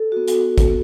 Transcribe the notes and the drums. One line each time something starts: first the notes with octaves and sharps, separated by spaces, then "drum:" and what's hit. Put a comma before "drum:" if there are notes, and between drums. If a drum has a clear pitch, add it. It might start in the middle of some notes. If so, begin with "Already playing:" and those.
Already playing: A4
B3 F#4
drum: hi-hat
drum: kick, hi-hat